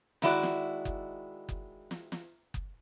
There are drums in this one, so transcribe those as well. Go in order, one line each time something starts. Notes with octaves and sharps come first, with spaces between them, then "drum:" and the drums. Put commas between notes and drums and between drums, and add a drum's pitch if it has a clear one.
D#3 G#3 E4 F#4 D5, drum: snare
drum: snare
drum: kick F#1
drum: kick F#1
drum: snare
drum: snare
drum: kick F#1